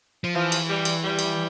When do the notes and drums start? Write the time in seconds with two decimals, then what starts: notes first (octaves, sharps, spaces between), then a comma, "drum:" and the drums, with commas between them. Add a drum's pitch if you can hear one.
0.24 F3
0.35 E3 F3
0.52 drum: cymbal
0.69 G3
0.85 drum: cymbal
1.03 G3
1.19 drum: cymbal